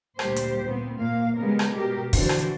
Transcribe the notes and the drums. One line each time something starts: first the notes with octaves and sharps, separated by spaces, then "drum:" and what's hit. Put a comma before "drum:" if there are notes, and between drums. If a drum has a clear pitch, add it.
D2 A#2 G3 G4 C5, drum: rim click
drum: hi-hat
A#2 B3 C4
A#2 A#3 F5
C#3 G3 G#3 B3 A#4
drum: rim click
B2 G4 A#4
D3 E3 F3 D4 F#4 C5, drum: kick, open hi-hat
drum: rim click